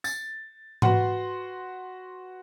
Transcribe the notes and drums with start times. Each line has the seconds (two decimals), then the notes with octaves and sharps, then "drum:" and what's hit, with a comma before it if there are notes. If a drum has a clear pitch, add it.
0.04 A6, drum: tambourine
0.82 F#4 B4 F#5 C6, drum: tom G#2